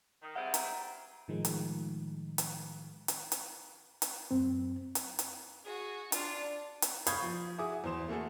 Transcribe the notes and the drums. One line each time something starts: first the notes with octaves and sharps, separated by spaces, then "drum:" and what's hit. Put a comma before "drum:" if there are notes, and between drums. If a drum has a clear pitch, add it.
D#3
G3 G#3 C4 E5 F#5
A#5, drum: hi-hat
A2 D#3 F3 G#3
drum: hi-hat
drum: hi-hat
drum: hi-hat
drum: hi-hat
drum: hi-hat
F#2 C4
drum: hi-hat
drum: hi-hat
F#4 G#4
D4 F4, drum: hi-hat
drum: hi-hat
F5 B5 C#6 D#6 G6 G#6, drum: hi-hat
F3
E4 F#4 G#4 D6 D#6
E2 C5 E7
A3 A#3 F#4 G#4 A4